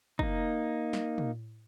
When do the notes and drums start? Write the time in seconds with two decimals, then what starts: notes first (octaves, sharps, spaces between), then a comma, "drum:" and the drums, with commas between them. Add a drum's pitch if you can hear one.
0.19 A#3 D#4, drum: kick
0.93 drum: snare
1.18 drum: tom